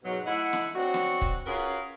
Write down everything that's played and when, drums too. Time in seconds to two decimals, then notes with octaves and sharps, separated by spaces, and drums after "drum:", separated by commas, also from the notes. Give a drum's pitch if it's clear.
0.04 G#2 B2 F#3
0.25 A3 E4 D#5 F#5
0.53 drum: snare
0.74 F#3 C4 D4 F#4
0.94 drum: snare
1.22 drum: kick C#1
1.46 C#4 F4 F#4 G#4 A#4 B4